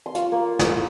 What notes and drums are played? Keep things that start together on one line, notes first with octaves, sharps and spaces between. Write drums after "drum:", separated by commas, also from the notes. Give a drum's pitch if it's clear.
C6
F4 C#6, drum: hi-hat
A#3
drum: snare